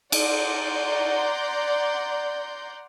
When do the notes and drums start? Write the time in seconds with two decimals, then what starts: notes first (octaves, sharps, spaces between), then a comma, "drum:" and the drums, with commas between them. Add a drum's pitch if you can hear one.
0.12 D5 F#5 A#5 C6 G6, drum: cymbal